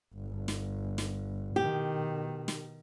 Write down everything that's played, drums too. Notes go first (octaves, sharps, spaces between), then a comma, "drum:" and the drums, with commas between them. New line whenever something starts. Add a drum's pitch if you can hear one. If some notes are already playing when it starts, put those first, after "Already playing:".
G1
drum: snare
drum: snare
B2 D#3 G4
drum: snare